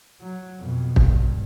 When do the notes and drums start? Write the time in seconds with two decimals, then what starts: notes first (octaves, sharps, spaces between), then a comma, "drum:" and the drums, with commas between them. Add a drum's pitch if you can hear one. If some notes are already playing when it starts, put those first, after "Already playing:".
0.21 F#3
0.59 F2 B2
0.96 C#2 G2, drum: kick